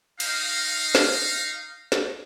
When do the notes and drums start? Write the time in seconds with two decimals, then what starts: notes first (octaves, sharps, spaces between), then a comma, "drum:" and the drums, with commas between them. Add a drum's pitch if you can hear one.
0.20 D#4 F5, drum: cymbal
0.95 drum: snare
1.92 drum: snare